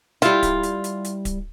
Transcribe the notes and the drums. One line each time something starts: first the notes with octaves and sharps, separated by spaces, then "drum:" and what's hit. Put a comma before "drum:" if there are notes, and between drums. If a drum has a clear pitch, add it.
G3 E4 F4, drum: hi-hat
drum: kick D1, hi-hat
drum: hi-hat
drum: hi-hat
drum: hi-hat
drum: kick D1, hi-hat